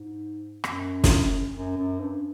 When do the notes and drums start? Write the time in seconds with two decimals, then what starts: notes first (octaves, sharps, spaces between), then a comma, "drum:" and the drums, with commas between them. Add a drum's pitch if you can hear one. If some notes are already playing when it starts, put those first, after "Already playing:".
Already playing: G#2
0.64 F#2, drum: rim click
1.04 drum: snare
1.55 F#2
1.77 F#2
2.00 G2